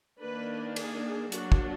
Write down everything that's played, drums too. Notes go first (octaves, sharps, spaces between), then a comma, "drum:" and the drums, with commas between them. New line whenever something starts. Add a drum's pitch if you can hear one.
D#3 A#3 D4 B4
G#4, drum: cymbal
F#3 A#3 D4 F#4, drum: hi-hat
drum: kick